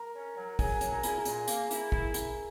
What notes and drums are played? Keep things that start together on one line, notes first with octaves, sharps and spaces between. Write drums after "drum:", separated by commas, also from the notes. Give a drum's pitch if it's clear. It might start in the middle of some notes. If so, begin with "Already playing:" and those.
Already playing: A#4
C#4
F#3
F#3 G#4, drum: kick, open hi-hat
F#3, drum: hi-hat
A#4
E4 G#4, drum: hi-hat
A#4
A#2, drum: hi-hat
A#3, drum: hi-hat
E4, drum: hi-hat
E4, drum: kick
E4, drum: hi-hat